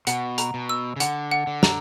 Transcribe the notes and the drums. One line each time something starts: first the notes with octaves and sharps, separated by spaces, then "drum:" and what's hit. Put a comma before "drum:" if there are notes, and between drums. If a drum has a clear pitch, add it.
B2 F#5, drum: hi-hat
A#5, drum: hi-hat
B2
E6
C#3
D3 F#5, drum: hi-hat
F#5
D3
A#5, drum: snare